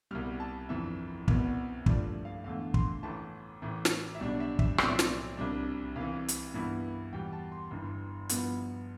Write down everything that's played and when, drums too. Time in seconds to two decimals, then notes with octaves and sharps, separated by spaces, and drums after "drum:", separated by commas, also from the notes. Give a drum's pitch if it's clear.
0.11 C2 B2 G3 F6
0.40 A5
0.69 G1 F2 E3 E5
1.28 C2 B2 B3, drum: kick
1.86 G2 F3 A3 D5, drum: kick
2.25 F5
2.44 E2 D3 A3 F5
2.74 C6, drum: kick
3.03 A1 A2 E3 A5
3.62 A1 A2 E3
3.85 drum: snare
4.15 E5
4.20 B1 B2 G3 D4 D5
4.40 E5
4.59 E5, drum: kick
4.78 B1 A2 F3 C4 D5, drum: rim click
4.89 E5
4.99 D5, drum: snare
5.37 C2 C3 G3 D4
5.96 C2 C3 E3 F5
6.28 drum: hi-hat
6.54 G2 E3 B3 E4
7.13 E2 B2 G3 G5
7.33 A5
7.52 C6
7.71 G1 G2 E3
8.29 G2 F3 B3 E4, drum: hi-hat